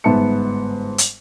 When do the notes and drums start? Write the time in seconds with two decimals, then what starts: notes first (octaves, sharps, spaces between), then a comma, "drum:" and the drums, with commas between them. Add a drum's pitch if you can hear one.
0.04 G1 G#2 B3 E5 A5 C#7
0.98 drum: hi-hat